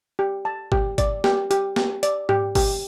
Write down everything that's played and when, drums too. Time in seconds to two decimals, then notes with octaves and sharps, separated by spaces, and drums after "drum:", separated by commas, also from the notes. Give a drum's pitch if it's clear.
0.19 G4
0.45 A5
0.72 G4, drum: kick
0.98 D5, drum: kick, hi-hat
1.24 G4, drum: snare
1.51 G4, drum: hi-hat
1.76 G4, drum: snare
2.03 D5, drum: hi-hat
2.29 G4, drum: tom G#2
2.55 G4, drum: kick, open hi-hat